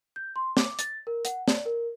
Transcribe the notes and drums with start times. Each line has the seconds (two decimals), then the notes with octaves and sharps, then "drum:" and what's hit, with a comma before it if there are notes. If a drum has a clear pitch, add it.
0.16 G6
0.36 C6
0.57 D6, drum: snare
0.79 A6, drum: hi-hat
1.07 A#4
1.25 F#5, drum: hi-hat
1.48 D5, drum: snare
1.65 A#4